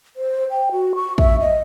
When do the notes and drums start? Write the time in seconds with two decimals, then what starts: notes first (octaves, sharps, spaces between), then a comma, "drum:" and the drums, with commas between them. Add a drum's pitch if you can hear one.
0.16 C5
0.50 G5
0.72 F#4
0.95 C#6
1.18 E5, drum: kick
1.41 D#5